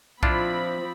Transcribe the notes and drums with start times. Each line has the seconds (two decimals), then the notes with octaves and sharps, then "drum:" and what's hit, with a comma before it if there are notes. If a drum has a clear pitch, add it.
0.23 F3 C4 D4 E4 F4 B5, drum: kick B1